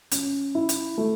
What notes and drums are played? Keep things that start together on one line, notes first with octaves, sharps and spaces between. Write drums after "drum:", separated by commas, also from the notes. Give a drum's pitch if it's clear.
C#4, drum: hi-hat
E4
drum: hi-hat
A3